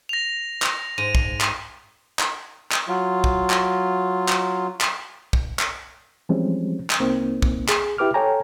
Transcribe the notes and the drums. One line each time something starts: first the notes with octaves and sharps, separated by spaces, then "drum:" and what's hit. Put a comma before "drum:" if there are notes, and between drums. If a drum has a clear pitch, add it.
A#6 F7
drum: clap
G#2 D#7
drum: kick
drum: clap
drum: clap
drum: clap
F#3 F4
drum: kick
drum: clap
drum: clap
drum: clap
drum: kick
drum: clap
E3 F3 G3 G#3 C4 C#4
drum: clap
C2 A#3 C4 D#4
drum: kick
G#4, drum: clap
E4 G4 B4 D6 F6
A4 C#5 G5 G#5 A#5